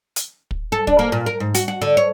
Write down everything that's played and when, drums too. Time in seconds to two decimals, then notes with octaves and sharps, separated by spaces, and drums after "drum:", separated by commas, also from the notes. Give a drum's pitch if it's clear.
0.16 drum: hi-hat
0.51 drum: kick
0.72 A4
0.87 D4, drum: kick
0.99 A#3
1.12 A#2
1.26 A#4
1.40 G#2
1.54 F#4, drum: hi-hat
1.68 F#4
1.82 D3
1.97 C#5